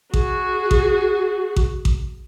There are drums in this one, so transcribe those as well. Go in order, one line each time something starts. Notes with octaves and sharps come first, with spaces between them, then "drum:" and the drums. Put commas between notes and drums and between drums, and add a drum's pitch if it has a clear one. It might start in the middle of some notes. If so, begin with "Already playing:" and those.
F#4 G#4, drum: kick A1
drum: kick A1
drum: kick A1
drum: kick A1